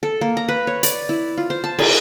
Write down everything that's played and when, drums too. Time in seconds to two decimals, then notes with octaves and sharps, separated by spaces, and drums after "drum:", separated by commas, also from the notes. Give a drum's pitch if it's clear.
0.03 A4
0.21 A#3
0.37 A#5
0.48 B4
0.67 C#5
0.83 D5, drum: hi-hat
1.09 E4
1.38 F4
1.50 C5
1.64 A5
1.79 G#4, drum: cymbal